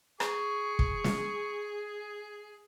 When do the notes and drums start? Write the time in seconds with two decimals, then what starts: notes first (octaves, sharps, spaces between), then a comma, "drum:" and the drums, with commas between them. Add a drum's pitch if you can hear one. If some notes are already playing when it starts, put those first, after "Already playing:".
0.20 G#4 C#6, drum: rim click
0.79 drum: kick
1.04 drum: snare